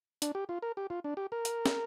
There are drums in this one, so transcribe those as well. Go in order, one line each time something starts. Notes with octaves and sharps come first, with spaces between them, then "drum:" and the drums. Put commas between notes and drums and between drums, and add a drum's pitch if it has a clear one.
D4, drum: hi-hat
G4
F4
A#4
G4
F4
D4
G4
A#4
drum: hi-hat
drum: snare